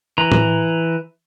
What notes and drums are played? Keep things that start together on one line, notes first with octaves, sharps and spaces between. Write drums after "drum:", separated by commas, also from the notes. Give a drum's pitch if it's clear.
E3 A#5
drum: tom A2